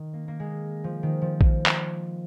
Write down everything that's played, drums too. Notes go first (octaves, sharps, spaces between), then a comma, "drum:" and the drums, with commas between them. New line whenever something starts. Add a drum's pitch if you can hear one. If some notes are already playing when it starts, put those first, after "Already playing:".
Already playing: D#3
A#3
A#3
G#3
F3
D#3
F3
drum: kick A#1
drum: clap